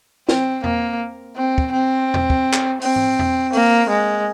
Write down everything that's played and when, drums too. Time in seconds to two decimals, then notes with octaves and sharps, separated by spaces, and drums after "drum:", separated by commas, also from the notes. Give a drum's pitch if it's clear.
0.29 C4, drum: snare
0.64 A#3, drum: tom E2
1.36 C4
1.58 drum: kick
1.73 C4
2.14 drum: tom E2
2.30 drum: kick
2.53 drum: clap
2.81 C4, drum: open hi-hat
2.96 drum: tom G#2
3.19 drum: tom E2
3.53 A#3, drum: open hi-hat
3.89 G#3